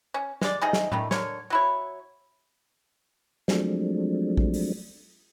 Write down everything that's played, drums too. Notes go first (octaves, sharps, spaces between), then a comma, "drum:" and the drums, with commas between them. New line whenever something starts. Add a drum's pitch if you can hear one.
C#4
G#3 D5, drum: snare
C3 D#4 G#4 D#5
drum: snare
D#3 G3 A3, drum: tom A2
D3 A#4 C#5, drum: snare
F#3 E4 C#5
F3 F#3 G#3 A3 C4 D4, drum: snare
drum: kick
drum: open hi-hat